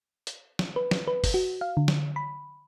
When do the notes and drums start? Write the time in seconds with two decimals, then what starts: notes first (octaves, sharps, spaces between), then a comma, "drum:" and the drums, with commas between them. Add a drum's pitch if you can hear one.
0.27 drum: hi-hat
0.59 drum: snare
0.76 B4
0.91 drum: snare
1.08 B4
1.24 drum: kick F#1, open hi-hat
1.34 F#4
1.61 F5
1.77 D3
1.88 drum: snare
2.16 B5